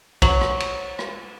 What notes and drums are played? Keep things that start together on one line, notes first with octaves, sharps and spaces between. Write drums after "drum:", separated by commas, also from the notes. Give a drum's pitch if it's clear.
F#3, drum: kick B1, cymbal
drum: rim click
drum: cymbal
drum: rim click